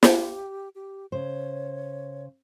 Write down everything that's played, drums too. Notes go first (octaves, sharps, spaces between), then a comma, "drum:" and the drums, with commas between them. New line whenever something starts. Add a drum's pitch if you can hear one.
G4, drum: snare
G4
C#3 C5 C#5